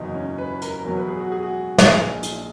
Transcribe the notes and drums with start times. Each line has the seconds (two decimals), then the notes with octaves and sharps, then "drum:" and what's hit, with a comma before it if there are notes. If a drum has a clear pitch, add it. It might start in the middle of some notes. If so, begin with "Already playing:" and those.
Already playing: F#1 E2 B2 D#4
0.15 C#4
0.38 B4
0.50 B4
0.62 A#4, drum: hi-hat
0.73 A#4
0.85 E2 B2 F#3 A#4
0.97 B4
1.08 G#4
1.20 F#4
1.32 G#4
1.43 F#4
1.78 A#1 A#2 G#3 G#4, drum: snare
2.23 drum: hi-hat